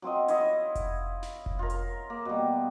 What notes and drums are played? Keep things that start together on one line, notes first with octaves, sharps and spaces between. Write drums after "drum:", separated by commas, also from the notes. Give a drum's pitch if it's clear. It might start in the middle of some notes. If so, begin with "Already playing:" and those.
F#3 C4 F4 D#5
E4 F4 C#5 D#5, drum: hi-hat
drum: kick F1, hi-hat
drum: snare
drum: kick F1
F4 A#4
drum: hi-hat
A#3
B2 G3